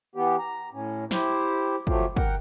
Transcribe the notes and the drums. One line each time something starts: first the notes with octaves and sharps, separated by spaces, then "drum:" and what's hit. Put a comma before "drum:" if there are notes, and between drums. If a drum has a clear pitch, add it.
E3 B3 G4
A#5
A2 C#4
E4 G4 C5, drum: snare
F3 F#3 A3 F4 G4, drum: kick
A#4 F#5 G5, drum: kick